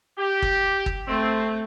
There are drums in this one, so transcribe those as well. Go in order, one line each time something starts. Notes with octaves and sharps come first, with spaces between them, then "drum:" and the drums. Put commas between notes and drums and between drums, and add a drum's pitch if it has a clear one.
G4
drum: kick
drum: kick
A3 C4